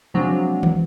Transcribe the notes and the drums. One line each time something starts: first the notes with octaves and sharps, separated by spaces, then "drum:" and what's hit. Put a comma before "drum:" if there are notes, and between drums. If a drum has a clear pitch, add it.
C3 F3 F#3 G#3 C4 D4
drum: tom D#3